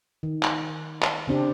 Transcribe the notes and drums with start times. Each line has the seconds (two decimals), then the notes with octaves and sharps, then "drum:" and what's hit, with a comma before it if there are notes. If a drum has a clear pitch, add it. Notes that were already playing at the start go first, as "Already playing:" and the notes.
0.23 D#3
0.43 drum: clap
1.02 drum: clap
1.27 C#3 C4 D4 G4